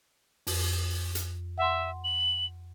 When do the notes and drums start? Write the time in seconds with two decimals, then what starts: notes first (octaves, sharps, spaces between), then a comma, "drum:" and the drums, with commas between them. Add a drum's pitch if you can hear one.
0.47 F2, drum: open hi-hat
1.15 drum: hi-hat
1.58 E5 F#5 C6
2.04 F#7